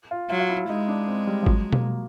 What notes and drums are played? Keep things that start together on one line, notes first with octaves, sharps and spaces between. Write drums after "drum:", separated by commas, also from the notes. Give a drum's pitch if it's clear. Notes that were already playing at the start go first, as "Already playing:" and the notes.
F4
F#3 F4
F4
E4
G#3 D#4
D4
C4
G3
F3
F#3, drum: kick
A#3, drum: tom B2